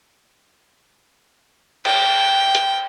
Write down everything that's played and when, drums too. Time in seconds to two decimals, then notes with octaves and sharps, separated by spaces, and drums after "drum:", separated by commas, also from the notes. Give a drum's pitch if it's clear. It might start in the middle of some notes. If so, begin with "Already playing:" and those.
1.85 G5, drum: cymbal
2.55 drum: hi-hat